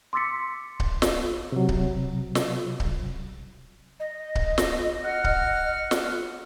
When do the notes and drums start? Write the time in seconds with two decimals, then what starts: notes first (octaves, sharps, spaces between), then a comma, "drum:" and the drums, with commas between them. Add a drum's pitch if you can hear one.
0.13 C6 D6 E6 A6 B6 C#7
0.80 drum: kick C#1
1.02 drum: snare
1.52 C3 F#3
1.69 drum: kick C#1
2.35 drum: snare
2.80 drum: kick C#1
4.00 D#5
4.35 drum: kick C#1
4.58 drum: snare
5.05 F#5 F6
5.24 drum: kick C#1
5.91 drum: snare